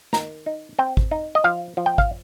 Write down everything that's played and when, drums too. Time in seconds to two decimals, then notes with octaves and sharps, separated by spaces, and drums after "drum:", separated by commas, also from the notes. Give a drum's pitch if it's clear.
0.13 D#3 A#5, drum: snare
0.46 D#4
0.79 C4 G5
0.97 drum: kick
1.11 D#4
1.35 D#5
1.44 F3 F5
1.77 F3
1.86 G5
1.98 F5, drum: kick